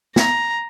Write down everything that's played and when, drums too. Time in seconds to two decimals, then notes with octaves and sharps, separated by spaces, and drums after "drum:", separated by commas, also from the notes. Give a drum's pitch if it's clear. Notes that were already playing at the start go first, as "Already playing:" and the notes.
0.16 A#5, drum: snare